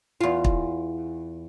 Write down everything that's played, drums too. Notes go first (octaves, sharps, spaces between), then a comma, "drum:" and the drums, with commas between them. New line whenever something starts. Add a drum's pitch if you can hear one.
E2 F4
drum: kick